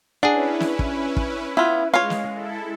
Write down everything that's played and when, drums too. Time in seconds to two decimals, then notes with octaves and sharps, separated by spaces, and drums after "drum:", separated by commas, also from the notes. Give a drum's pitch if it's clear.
0.23 C#4 D4 E4 G#4 B4 F#5
0.60 drum: snare
0.79 drum: kick
1.17 drum: kick
1.57 B3 E4 F4
1.94 G#3 F4 C#5 F5
2.10 drum: snare
2.33 E4 A4